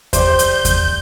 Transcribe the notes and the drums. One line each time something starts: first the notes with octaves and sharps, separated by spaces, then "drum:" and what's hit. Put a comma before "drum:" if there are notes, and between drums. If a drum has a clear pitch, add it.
G4 C5 D5 G6, drum: kick E2, hi-hat
drum: hi-hat
drum: kick E2, hi-hat